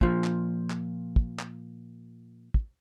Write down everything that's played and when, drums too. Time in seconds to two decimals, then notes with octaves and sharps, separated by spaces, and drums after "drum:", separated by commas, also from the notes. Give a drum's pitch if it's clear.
0.01 A#2 F3, drum: kick
0.24 drum: clap
0.70 drum: clap
1.16 drum: kick
1.39 drum: clap
2.54 drum: kick